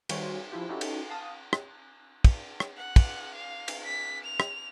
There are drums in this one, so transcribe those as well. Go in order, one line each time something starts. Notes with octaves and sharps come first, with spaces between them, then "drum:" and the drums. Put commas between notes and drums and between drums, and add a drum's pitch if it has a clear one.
D#3 G3 F#4 C5 C#5, drum: cymbal
F3 E4 F4 G4
C#4 D#4 E4 F#4 G4 A4
drum: cymbal
F5 A5 D#6
drum: rim click
drum: kick, cymbal
drum: rim click
F#5
drum: kick, cymbal
F5
drum: cymbal
B6
F7
drum: rim click